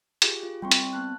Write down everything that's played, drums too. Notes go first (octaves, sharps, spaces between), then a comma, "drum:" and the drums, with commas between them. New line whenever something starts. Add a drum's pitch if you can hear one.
F4 G4 G#4, drum: hi-hat
F4
G3 C4 G5 C6 C#6
drum: hi-hat
B3 A5 F#6